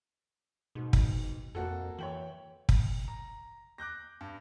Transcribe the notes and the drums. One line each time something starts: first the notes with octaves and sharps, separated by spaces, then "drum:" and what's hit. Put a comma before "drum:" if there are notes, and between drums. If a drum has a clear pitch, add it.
G#2 B2
drum: kick
F2 A#3 F#4 A4
E3 C#5 G5 F#7
drum: kick
A#5
D6 F#6 G6 A#6
G2